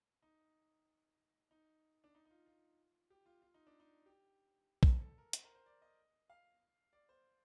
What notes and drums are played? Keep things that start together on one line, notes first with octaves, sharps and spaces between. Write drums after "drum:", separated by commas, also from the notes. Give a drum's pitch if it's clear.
D#4
D#4
D4
D#4
D#4
F4
F4
G4
F4
F4
D#4
D4
D#4
G4
drum: kick A#1
A4
A#4
C5, drum: hi-hat
A#4
C5
D5
D#5
F5
D5
C5